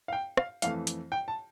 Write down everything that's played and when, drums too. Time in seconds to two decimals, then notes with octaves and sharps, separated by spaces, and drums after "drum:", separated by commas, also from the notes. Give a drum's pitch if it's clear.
0.08 F5
0.13 G5
0.37 F5, drum: rim click
0.62 F2 E3 A3 F5, drum: hi-hat
0.87 drum: hi-hat
1.12 G5
1.28 A5